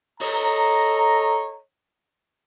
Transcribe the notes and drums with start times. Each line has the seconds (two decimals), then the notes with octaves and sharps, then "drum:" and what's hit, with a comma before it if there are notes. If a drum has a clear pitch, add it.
0.20 A4 C#5 D#5 A#5, drum: open hi-hat